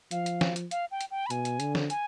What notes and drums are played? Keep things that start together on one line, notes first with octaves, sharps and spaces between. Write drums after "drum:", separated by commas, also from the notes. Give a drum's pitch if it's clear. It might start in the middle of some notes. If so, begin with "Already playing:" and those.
F3 F5, drum: hi-hat
drum: hi-hat
drum: snare
drum: hi-hat
F5, drum: hi-hat
G5
drum: hi-hat
G5
B5
B2 G#5, drum: hi-hat
drum: hi-hat
D3, drum: hi-hat
drum: snare
G#5, drum: hi-hat